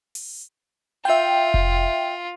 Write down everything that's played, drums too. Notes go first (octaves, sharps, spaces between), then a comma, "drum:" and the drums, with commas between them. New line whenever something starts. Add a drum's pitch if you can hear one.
drum: open hi-hat
F4 E5 G5
drum: kick F1